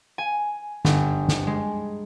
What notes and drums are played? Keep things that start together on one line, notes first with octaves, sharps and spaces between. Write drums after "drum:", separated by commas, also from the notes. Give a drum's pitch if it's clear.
G#5
G1, drum: snare
drum: snare
G#3